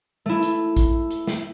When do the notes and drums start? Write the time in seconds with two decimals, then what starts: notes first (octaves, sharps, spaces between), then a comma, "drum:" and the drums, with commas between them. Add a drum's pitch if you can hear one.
0.26 A3 E4
0.43 drum: hi-hat
0.77 drum: kick, hi-hat
1.10 drum: hi-hat
1.27 drum: snare